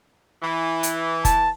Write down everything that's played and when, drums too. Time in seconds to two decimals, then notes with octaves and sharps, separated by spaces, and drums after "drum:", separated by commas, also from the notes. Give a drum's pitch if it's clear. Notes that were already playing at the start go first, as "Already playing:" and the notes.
0.42 E3
0.83 drum: hi-hat
1.25 A5, drum: kick F1, hi-hat